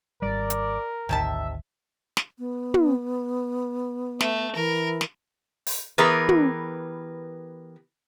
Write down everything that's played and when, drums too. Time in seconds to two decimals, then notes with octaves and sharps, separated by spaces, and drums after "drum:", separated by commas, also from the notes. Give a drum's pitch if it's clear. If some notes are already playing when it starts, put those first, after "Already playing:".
0.22 G#1 G3 A#4 D5
0.50 drum: hi-hat
1.09 G#1 D2 C3 D#3 E5 A5
2.17 drum: snare
2.39 B3
2.74 drum: tom
4.21 A3, drum: snare
4.55 E3 A#4
5.01 drum: snare
5.67 drum: open hi-hat
5.98 E3 B3 G4 G#4 A#4 B4
6.29 drum: tom